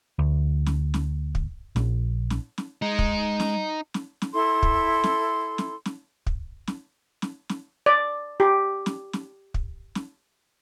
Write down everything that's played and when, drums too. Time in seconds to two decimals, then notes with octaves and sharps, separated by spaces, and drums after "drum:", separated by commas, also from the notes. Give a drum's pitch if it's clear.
0.19 D2
0.66 drum: snare
0.94 drum: snare
1.35 drum: kick
1.76 A#1, drum: snare
2.30 drum: snare
2.58 drum: snare
2.82 G#3 D#4
2.99 drum: kick
3.40 drum: snare
3.94 drum: snare
4.22 drum: snare
4.33 E4 A4 C6
4.63 drum: kick
5.04 drum: snare
5.58 drum: snare
5.86 drum: snare
6.27 drum: kick
6.67 drum: snare
7.22 drum: snare
7.49 drum: snare
7.86 D5
8.40 G4
8.86 drum: snare
9.13 drum: snare
9.54 drum: kick
9.95 drum: snare